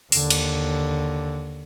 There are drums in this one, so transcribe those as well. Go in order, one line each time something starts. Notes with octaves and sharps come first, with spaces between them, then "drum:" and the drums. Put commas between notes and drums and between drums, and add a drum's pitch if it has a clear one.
D#2 D3, drum: open hi-hat
drum: cymbal